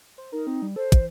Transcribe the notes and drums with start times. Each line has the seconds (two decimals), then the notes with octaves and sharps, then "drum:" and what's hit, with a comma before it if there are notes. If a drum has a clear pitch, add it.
0.18 C5
0.32 D#4 A#4
0.47 C4
0.62 G3
0.76 A4 C5
0.92 E3, drum: kick, hi-hat